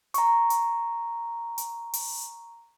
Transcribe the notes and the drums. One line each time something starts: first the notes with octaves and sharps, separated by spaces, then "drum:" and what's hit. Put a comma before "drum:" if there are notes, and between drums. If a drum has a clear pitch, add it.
A#5 C#6, drum: hi-hat
drum: hi-hat
drum: hi-hat
drum: open hi-hat